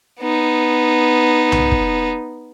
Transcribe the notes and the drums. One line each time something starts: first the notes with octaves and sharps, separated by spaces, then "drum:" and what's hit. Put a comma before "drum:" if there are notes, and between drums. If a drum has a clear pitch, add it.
B3 D#4
drum: tom C2
drum: kick